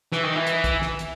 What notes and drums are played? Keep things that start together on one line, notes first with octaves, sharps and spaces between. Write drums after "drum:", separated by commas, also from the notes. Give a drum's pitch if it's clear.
E3, drum: snare
D#3
E3
drum: hi-hat
drum: kick, hi-hat
drum: snare
drum: hi-hat